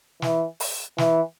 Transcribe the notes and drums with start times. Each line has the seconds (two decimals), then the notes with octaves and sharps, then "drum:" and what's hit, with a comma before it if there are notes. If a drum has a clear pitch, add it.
0.22 E3, drum: snare
0.60 drum: open hi-hat
0.98 E3, drum: snare